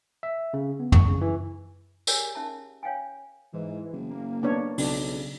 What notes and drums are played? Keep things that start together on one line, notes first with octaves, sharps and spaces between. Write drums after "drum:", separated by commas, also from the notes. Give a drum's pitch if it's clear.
E5
C#3
B3
C#6, drum: tom
C#3
E3
G4 G#4 A#4 C#5 D5 G#5, drum: tambourine
C#4 E5 A5
C#5 F5 G5 G#5
G#2 E3
F#1
A#3
B3 D4 C#5
B1 C#3 D4, drum: open hi-hat